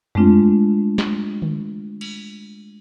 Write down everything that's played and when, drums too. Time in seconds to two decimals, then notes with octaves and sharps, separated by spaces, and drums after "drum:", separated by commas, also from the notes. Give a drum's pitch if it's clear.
0.15 G#3 A3 C4 D4 F4, drum: tom F2
0.98 drum: snare
1.42 drum: tom D3
2.01 drum: cymbal